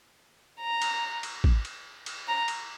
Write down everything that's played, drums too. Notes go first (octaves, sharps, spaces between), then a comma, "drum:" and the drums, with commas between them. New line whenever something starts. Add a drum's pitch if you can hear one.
A#5
drum: cymbal
drum: cymbal
drum: kick
drum: cymbal
drum: cymbal
A#5
drum: cymbal